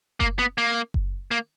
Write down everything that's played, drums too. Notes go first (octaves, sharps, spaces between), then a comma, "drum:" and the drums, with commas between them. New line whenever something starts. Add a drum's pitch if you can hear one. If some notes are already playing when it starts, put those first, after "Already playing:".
A#3, drum: kick F#1
B3
A#3
drum: kick F#1
A#3